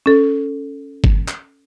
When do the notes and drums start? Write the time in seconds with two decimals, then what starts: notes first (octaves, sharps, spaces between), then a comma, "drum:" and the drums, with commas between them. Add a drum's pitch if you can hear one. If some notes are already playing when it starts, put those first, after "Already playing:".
0.06 C#4 A4
1.04 drum: kick G1
1.28 drum: clap